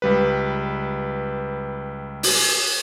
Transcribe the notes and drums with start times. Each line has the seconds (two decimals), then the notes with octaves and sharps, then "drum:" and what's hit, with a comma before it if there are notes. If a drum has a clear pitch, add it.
0.02 C#2 G3 B4
2.23 drum: open hi-hat